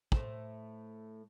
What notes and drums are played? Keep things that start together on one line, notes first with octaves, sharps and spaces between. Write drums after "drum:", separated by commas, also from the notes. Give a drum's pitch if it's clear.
A2 A3 C5, drum: kick